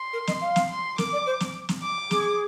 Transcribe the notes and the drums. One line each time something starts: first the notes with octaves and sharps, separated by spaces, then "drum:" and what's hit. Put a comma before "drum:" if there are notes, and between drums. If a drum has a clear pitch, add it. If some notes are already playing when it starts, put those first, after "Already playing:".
Already playing: C6
A#4
D#5, drum: snare
F5
drum: snare
C6
A#4 D6, drum: snare
D5
C5
drum: snare
drum: snare
D6
G#4, drum: snare